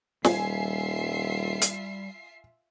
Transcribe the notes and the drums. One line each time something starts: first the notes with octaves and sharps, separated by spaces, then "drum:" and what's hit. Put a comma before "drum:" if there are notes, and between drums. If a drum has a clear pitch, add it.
D#1 G3 F4 E5 G#5 C7, drum: snare
drum: hi-hat